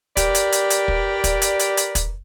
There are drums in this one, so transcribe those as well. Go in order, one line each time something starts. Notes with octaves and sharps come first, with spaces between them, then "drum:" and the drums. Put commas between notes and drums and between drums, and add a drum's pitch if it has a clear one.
G4 A#4 B4 D5, drum: kick, hi-hat
drum: hi-hat
drum: hi-hat
drum: hi-hat
drum: kick
drum: kick, hi-hat
drum: hi-hat
drum: hi-hat
drum: hi-hat
drum: kick, hi-hat